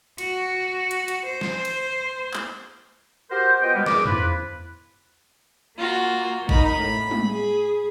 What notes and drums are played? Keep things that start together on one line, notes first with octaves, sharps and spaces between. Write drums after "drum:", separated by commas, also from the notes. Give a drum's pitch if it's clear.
F#4, drum: cymbal
drum: hi-hat
drum: hi-hat
C5
drum: snare
drum: cymbal
drum: clap
F#4 G4 A#4 C5
B3 F4 D#5 G5
B2 G3 G#3 A#3 B3
E2 G#4 A#4 D6, drum: snare
F3 E4 F4 B4, drum: tom
A#3 F4 F#4
D#4 A#4 B5, drum: kick
A2
drum: tom
G#4